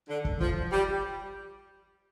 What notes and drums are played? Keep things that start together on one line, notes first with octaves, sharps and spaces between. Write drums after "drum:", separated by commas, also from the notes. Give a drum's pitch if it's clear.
D3
drum: kick
F3, drum: kick
G3